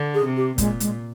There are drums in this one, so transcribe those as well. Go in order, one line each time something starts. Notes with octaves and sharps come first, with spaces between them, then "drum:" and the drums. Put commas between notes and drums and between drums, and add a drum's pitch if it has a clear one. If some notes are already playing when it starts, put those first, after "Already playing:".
Already playing: D3
G#4
C3
G4
A#2 G#3, drum: kick, hi-hat
G#3, drum: hi-hat